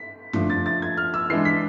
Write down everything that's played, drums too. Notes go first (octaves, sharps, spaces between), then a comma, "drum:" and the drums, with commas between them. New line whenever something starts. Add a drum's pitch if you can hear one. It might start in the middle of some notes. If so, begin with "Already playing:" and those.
Already playing: B6
F3 A3 D4, drum: tom F#2
A6
A6
G#6
F6
E6
E3 G#3 D4 C7
B6